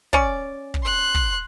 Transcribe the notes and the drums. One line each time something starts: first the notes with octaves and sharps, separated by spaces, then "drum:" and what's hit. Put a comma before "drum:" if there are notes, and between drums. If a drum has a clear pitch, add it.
C#4 D5, drum: kick
drum: kick
C6 F#6
drum: kick